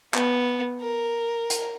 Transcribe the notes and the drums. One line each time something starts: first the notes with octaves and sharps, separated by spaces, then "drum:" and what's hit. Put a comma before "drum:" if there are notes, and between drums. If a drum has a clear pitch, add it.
B3, drum: clap
A#4
drum: hi-hat